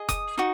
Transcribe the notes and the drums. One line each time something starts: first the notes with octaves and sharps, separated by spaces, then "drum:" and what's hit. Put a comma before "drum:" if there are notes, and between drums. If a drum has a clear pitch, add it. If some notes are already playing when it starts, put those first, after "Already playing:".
Already playing: G#4 D#5
D#6, drum: kick F1, hi-hat
D#4 F#4